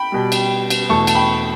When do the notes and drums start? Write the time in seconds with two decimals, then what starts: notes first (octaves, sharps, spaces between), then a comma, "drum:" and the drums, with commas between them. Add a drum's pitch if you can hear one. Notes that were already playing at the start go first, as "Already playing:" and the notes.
Already playing: G5 B5
0.12 B2 G3
0.32 drum: cymbal
0.70 drum: cymbal
0.89 E2 B2 A3 A5 C#6
1.07 A5, drum: cymbal
1.15 G5 B5